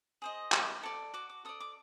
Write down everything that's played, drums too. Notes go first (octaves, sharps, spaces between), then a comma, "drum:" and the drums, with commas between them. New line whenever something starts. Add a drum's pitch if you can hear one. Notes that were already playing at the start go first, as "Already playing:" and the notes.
G#4 C5 D#5
F#4, drum: clap
A4 D5
F#4 D6
D6
A4 D5 D#6
D6